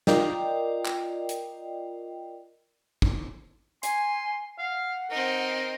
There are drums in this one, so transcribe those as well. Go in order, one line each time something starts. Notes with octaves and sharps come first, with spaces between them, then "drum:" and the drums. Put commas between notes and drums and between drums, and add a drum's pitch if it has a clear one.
F4 A#4 D5 D#5 G5, drum: snare
drum: clap
drum: hi-hat
drum: kick
G#5 C6, drum: hi-hat
F5 F#5
C4 D#4 A#4